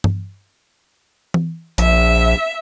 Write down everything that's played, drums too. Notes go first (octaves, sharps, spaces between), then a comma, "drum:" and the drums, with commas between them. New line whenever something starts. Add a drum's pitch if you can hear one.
drum: tom G2
drum: tom E3
A#1 E5, drum: hi-hat